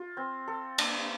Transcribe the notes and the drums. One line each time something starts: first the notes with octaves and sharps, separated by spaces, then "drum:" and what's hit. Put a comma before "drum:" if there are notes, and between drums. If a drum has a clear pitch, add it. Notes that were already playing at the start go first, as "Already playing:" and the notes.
Already playing: F4
C4
A4
D4, drum: cymbal